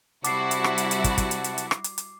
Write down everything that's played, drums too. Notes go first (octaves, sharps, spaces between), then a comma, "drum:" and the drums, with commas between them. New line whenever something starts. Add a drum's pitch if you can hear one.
C3 G3 E4 F#4 F#5 A5 D6 C7, drum: hi-hat
drum: hi-hat
drum: rim click
drum: hi-hat
drum: hi-hat
drum: kick, hi-hat
drum: kick, hi-hat
drum: hi-hat
drum: hi-hat
drum: hi-hat
drum: rim click
drum: hi-hat
drum: hi-hat